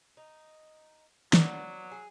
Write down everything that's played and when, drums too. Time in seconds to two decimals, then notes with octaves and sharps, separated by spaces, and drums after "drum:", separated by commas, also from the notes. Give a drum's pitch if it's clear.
0.17 D#4
1.33 F#3 B3 D5, drum: snare
1.92 G#4